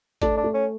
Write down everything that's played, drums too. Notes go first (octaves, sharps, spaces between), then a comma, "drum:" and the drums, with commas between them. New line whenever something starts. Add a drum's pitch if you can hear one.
A3 D4, drum: kick, hi-hat
D4
A3
C#4